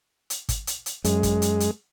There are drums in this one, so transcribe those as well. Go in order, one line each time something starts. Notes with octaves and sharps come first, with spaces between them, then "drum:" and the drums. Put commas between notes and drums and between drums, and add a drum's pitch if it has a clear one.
drum: hi-hat
drum: kick, hi-hat
drum: hi-hat
drum: hi-hat
F#2 G#3, drum: hi-hat
drum: kick, hi-hat
drum: hi-hat
drum: hi-hat